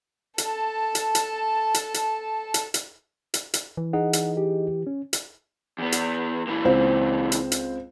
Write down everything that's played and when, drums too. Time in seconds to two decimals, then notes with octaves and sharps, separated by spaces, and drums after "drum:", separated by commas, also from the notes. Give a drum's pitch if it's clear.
0.38 A4 A5, drum: hi-hat
0.95 drum: hi-hat
1.15 drum: hi-hat
1.74 drum: hi-hat
1.94 drum: hi-hat
2.54 drum: hi-hat
2.74 drum: hi-hat
3.34 drum: hi-hat
3.54 drum: hi-hat
3.77 E3
3.93 D#4 G#4 D#5 F#5
4.13 drum: hi-hat
4.37 G4
4.87 C#4
5.13 drum: hi-hat
5.79 E2 B3
5.92 drum: hi-hat
6.47 A#2 E3
6.65 C#2 C4 C5
7.32 drum: hi-hat
7.52 drum: hi-hat